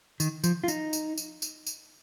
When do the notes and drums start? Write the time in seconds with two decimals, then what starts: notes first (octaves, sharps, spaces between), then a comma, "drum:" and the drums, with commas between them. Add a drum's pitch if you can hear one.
0.20 D#3, drum: tambourine
0.44 F3, drum: tambourine
0.64 F4
0.68 D#4, drum: tambourine
0.93 drum: tambourine
1.17 drum: tambourine
1.42 drum: tambourine
1.67 drum: tambourine